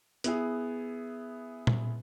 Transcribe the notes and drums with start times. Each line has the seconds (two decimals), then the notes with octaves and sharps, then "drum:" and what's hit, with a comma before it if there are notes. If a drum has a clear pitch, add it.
0.24 B3 E4 G#4, drum: hi-hat
1.67 drum: tom A#2